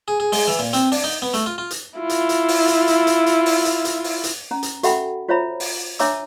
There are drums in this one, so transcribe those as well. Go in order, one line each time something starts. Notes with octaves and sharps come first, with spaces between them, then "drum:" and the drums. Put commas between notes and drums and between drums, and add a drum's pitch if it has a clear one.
G#4
G#4
G#3, drum: open hi-hat
E3
A#2
C4, drum: hi-hat
D4, drum: open hi-hat
D#4
B3
A3, drum: hi-hat
F4
F4
drum: hi-hat
E4 F4
drum: hi-hat
drum: hi-hat
drum: open hi-hat
drum: hi-hat
drum: hi-hat
drum: hi-hat
drum: hi-hat
drum: open hi-hat
drum: hi-hat
drum: hi-hat
drum: open hi-hat
drum: hi-hat
C#4 A#5
drum: hi-hat
F#4 A4 E5 F#5 G5 B5, drum: hi-hat
F4 C5 C#5 E5 A#5 B5
drum: open hi-hat
D4 C#5 E5 A#5 D6 E6, drum: hi-hat